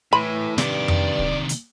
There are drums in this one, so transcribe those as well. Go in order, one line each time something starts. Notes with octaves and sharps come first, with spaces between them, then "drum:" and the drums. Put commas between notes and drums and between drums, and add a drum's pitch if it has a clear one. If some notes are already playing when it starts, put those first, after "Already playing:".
A2 E3 B5
G2 C3 D#3 D5, drum: snare
drum: tom F2
drum: kick
drum: hi-hat